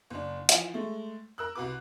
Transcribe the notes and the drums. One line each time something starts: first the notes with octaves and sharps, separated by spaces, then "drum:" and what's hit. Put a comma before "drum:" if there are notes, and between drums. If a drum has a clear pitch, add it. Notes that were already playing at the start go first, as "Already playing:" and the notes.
F#1 D4
E3 F3, drum: hi-hat
G#3 A3
A#4 E6 F#6
C2 F#4 B4 D6